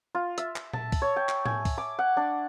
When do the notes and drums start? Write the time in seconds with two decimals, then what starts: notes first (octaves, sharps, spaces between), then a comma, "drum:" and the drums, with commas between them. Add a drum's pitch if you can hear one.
0.15 F4
0.38 E5, drum: hi-hat
0.56 drum: clap
0.73 A5, drum: tom A#2
0.92 drum: kick, open hi-hat
1.02 C#5
1.16 G5
1.29 drum: clap
1.46 G#5, drum: tom A2
1.65 drum: kick, open hi-hat
1.78 D6
1.99 F#5
2.17 D4